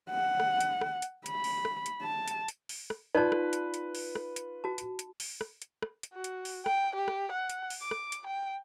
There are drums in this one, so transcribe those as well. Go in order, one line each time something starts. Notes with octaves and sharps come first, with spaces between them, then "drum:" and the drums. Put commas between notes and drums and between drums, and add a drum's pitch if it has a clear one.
F#5
drum: rim click
drum: hi-hat
drum: rim click
drum: hi-hat
B5, drum: hi-hat
drum: open hi-hat
drum: rim click
drum: hi-hat
A5
drum: hi-hat
drum: hi-hat
drum: open hi-hat
drum: rim click
D#4 F4 B4 D5 A5
drum: rim click
drum: hi-hat
drum: hi-hat
drum: open hi-hat
drum: rim click
drum: hi-hat
F#4 A5
drum: hi-hat
drum: hi-hat
drum: open hi-hat
drum: rim click
drum: hi-hat
drum: rim click
drum: hi-hat
F#4
drum: hi-hat
drum: open hi-hat
G5, drum: rim click
G4
drum: rim click
F#5
drum: hi-hat
drum: open hi-hat
D6
drum: rim click
drum: hi-hat
G5